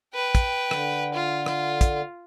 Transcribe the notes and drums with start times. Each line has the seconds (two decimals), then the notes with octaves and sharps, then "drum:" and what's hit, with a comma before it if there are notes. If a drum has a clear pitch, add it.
0.14 B4 G5
0.35 drum: kick, hi-hat
0.71 D3, drum: rim click
1.14 F4
1.46 F4, drum: rim click
1.81 drum: kick, hi-hat